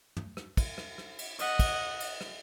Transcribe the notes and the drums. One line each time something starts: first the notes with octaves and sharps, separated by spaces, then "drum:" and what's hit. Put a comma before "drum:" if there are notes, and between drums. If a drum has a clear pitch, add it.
drum: tom
drum: rim click
drum: kick, cymbal
drum: rim click
drum: rim click
drum: cymbal
D#5 F#5, drum: cymbal
drum: kick, cymbal
drum: cymbal
drum: rim click